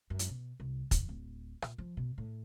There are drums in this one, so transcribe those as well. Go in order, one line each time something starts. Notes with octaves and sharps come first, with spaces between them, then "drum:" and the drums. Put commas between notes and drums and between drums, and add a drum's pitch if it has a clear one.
F#2
drum: hi-hat
B2
C2
E3, drum: kick, hi-hat
D1
A#2, drum: rim click
F3
B2
A2